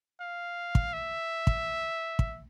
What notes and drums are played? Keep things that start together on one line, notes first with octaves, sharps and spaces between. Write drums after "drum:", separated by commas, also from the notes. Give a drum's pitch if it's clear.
F5
drum: kick
E5
drum: kick
drum: kick